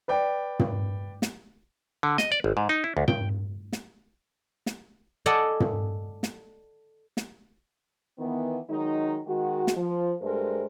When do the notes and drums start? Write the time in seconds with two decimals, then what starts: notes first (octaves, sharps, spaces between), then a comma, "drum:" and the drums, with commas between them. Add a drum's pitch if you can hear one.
0.08 B4 D5 G5
0.59 drum: tom
1.22 drum: snare
2.03 D3
2.18 D#5, drum: snare
2.32 D5
2.44 G#1
2.57 G#2
2.69 D#4
2.84 E4
2.97 D2
3.08 G5, drum: tom
3.72 drum: snare
4.66 drum: snare
5.26 A4 D5 D#5 F#5 G#5 A5
5.60 drum: tom
6.23 drum: snare
7.17 drum: snare
8.19 D#3 E3 B3
8.70 D#3 F#3 G#3 D#4
9.27 D#3 G#3 F#4
9.67 drum: snare
9.77 F3
10.22 G2 G#3 A3 A#4 C5